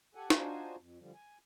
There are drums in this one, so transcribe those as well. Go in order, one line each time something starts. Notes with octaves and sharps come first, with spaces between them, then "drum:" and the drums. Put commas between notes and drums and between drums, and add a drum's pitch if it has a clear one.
G4 A4 F#5 G#5
D4 D#4 F4 F#4 C5 G#5, drum: snare
F2
D3 F3 G3
G#5